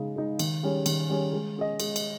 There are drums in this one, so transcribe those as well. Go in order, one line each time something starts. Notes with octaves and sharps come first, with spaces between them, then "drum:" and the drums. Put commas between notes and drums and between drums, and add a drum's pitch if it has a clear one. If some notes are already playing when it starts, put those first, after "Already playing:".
Already playing: C#3 G#3 D#4
G#3 D#4
D#3, drum: cymbal
G3 C#4 G#4
D#3, drum: cymbal
G3 C#4 G#4
G#3
C#4 G#4 D#5
G#3, drum: cymbal
drum: cymbal